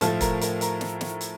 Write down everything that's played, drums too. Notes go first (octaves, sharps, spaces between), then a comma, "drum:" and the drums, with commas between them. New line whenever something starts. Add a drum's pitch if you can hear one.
A2 F3 A3 A4 A5, drum: hi-hat
A#4 A#5, drum: kick, hi-hat
A#4 A#5, drum: hi-hat
A#4 A#5, drum: hi-hat
drum: snare
drum: snare
drum: hi-hat